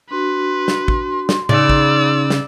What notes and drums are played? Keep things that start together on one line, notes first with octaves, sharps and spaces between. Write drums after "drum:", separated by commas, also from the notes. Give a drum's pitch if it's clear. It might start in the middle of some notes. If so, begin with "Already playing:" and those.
D4 F#4 B4 C6
drum: snare
drum: kick
drum: snare
C#3 D#4 D5 E6, drum: tom A2
drum: kick
drum: snare